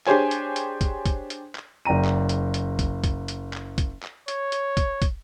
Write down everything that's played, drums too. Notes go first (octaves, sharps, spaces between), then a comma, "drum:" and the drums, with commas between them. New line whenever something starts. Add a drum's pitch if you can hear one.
D4 G4 G#4 C5 C#5 G#5, drum: clap
drum: hi-hat
drum: hi-hat
drum: kick, hi-hat
drum: kick, hi-hat
drum: hi-hat
drum: clap
F#1 D5 G5 A#5 D#7
drum: clap
drum: hi-hat
drum: hi-hat
drum: kick, hi-hat
drum: kick, hi-hat
drum: hi-hat
drum: clap
drum: kick, hi-hat
drum: clap
C#5, drum: hi-hat
drum: hi-hat
drum: kick, hi-hat
drum: kick, hi-hat